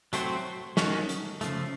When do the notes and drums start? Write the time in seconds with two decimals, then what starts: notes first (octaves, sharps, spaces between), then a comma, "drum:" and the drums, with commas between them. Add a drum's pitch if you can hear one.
0.13 F#3 A3 C4 F#4 C5, drum: hi-hat
0.77 D#3 A3 C#4 F#4, drum: snare
1.09 drum: hi-hat
1.41 C#3 F3 A3, drum: hi-hat